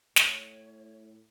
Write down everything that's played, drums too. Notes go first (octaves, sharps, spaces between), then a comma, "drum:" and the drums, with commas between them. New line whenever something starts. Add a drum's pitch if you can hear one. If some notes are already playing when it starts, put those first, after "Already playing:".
A2 C#5, drum: snare